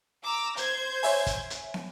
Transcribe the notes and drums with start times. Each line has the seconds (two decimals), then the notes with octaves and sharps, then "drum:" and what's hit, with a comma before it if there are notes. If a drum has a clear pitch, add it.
0.25 A#5 D6 E6
0.57 C5 G6 G#6, drum: hi-hat
1.03 C#5 E5 G#5, drum: open hi-hat
1.27 drum: kick, hi-hat
1.50 drum: hi-hat
1.74 drum: snare